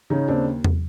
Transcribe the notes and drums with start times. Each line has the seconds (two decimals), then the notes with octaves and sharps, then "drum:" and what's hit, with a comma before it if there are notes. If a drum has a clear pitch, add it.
0.10 C#3 C#4 D#4
0.28 D#2 C4 D4
0.64 drum: tom E2